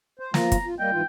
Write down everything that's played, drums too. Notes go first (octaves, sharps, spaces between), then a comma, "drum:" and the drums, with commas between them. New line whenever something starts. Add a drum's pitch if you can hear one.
C5
F3 A#3 F4 A#5, drum: snare
drum: kick, hi-hat
F4
G3 A#3 D#5 G5
G#2 E3 F4